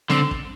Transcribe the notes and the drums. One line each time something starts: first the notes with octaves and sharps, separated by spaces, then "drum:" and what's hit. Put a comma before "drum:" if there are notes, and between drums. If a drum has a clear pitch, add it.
D3 C4, drum: snare
drum: kick